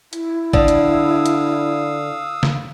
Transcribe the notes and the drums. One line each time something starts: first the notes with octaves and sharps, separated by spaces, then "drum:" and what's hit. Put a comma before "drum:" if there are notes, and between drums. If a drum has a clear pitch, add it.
E4, drum: hi-hat
D3 F5 D#6 E6, drum: kick
drum: hi-hat
drum: hi-hat
drum: snare